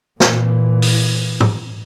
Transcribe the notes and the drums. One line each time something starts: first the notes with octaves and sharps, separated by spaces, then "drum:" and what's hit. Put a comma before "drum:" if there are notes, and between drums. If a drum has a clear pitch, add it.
A#2 E3, drum: snare
drum: open hi-hat
drum: tom G#2